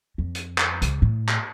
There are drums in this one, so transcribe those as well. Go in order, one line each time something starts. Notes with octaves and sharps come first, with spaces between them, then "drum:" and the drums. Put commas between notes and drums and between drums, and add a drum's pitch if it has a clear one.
F2
drum: hi-hat
drum: clap
C#2, drum: hi-hat
A2
drum: clap